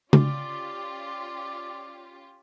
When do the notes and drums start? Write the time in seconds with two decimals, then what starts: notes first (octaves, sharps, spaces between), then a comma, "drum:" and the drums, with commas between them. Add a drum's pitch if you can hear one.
0.13 C#4 F4 G4 D5, drum: tom C#3